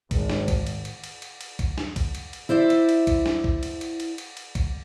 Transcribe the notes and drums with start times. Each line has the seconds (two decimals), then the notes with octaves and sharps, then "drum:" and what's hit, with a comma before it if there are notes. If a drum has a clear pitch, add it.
0.11 G#1, drum: kick, cymbal
0.30 drum: snare
0.48 drum: kick, cymbal
0.67 drum: cymbal
0.85 drum: cymbal
1.04 drum: cymbal
1.22 drum: cymbal
1.41 drum: cymbal
1.59 drum: kick, cymbal
1.78 drum: snare
1.96 drum: kick, cymbal
2.15 drum: cymbal
2.33 drum: cymbal
2.49 E4 C5 D5 E5
2.70 drum: cymbal
2.89 drum: cymbal
3.07 drum: kick, cymbal
3.26 drum: snare
3.44 drum: kick
3.63 drum: cymbal
3.81 drum: cymbal
4.00 drum: cymbal
4.18 drum: cymbal
4.37 drum: cymbal
4.55 drum: kick, cymbal